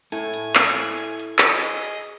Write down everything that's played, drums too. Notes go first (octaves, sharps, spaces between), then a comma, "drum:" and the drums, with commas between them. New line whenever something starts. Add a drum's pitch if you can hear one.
E4 A4 G#5, drum: hi-hat
drum: hi-hat
drum: clap
drum: hi-hat
drum: hi-hat
drum: hi-hat
G#4 D#5, drum: clap
drum: hi-hat
drum: hi-hat